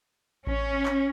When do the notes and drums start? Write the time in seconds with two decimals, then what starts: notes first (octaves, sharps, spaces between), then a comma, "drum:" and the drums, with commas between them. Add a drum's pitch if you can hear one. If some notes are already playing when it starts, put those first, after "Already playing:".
0.47 C#4, drum: kick A1
0.85 drum: clap